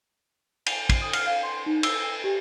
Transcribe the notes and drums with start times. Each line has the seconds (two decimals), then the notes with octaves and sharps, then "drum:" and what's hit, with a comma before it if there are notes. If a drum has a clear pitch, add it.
0.66 F7, drum: cymbal
0.89 drum: kick, cymbal
1.02 D#6
1.13 F6, drum: cymbal
1.26 F5
1.43 C6
1.66 D#4
1.83 E6, drum: cymbal
2.24 G4